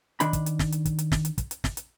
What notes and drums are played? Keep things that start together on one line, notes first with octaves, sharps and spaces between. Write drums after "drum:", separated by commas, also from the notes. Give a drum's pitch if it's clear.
D#3 D4 B5, drum: hi-hat
drum: kick, hi-hat
drum: hi-hat
drum: snare
drum: hi-hat
drum: kick, hi-hat
drum: hi-hat
drum: snare
drum: hi-hat
drum: kick, hi-hat
drum: hi-hat
drum: snare
drum: hi-hat